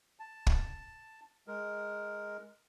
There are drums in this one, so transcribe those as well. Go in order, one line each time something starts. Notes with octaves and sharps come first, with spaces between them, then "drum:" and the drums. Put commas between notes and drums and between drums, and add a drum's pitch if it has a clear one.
A5
drum: kick
G#3 A#4